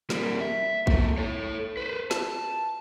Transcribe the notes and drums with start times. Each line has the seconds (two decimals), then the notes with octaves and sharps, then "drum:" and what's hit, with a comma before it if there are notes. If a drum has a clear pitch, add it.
0.10 G3 A#3, drum: snare
0.40 E5
0.87 A#3 A4, drum: kick A#1
1.18 A4 C#5
1.77 B4 C5
2.11 A5, drum: snare